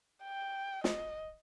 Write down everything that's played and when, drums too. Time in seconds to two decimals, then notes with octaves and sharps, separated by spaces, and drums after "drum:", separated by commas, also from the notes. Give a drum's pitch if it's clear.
0.23 G5
0.84 D#5, drum: snare